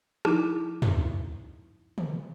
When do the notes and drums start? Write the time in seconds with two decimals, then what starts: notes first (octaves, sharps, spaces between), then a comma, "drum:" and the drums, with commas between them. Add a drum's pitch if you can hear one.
0.25 F3 D#4 E4, drum: rim click
0.82 drum: tom
1.98 drum: tom